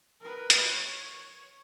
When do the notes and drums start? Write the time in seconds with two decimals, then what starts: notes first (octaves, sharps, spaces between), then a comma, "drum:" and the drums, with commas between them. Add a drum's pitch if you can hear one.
0.21 A#4 B4
0.50 drum: hi-hat
0.69 C#5